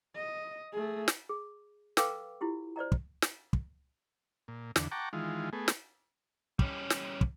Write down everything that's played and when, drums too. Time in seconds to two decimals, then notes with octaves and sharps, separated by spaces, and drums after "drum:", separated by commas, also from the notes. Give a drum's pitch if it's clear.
0.15 D#5
0.72 A3 G#4
1.08 drum: snare
1.29 G#4
1.97 A4 B4 F5 G5 D6 E6, drum: snare
2.41 E4 F4 G4
2.76 C5 D5 D#5 A#5
2.92 drum: kick
3.22 drum: snare
3.53 drum: kick
4.48 A#2
4.76 E2 D3, drum: snare
4.92 F#5 G5 A5 A#5 C#6 D6
5.13 D#3 E3 G#3 F4
5.53 A3 B3 G#4
5.68 drum: snare
6.59 G3 C#4, drum: kick
6.90 drum: snare
7.21 drum: kick